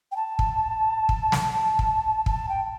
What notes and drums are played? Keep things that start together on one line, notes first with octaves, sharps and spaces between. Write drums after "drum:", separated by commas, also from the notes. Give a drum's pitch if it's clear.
G5
A5
drum: kick
drum: kick
drum: snare
drum: kick
A5, drum: kick
G5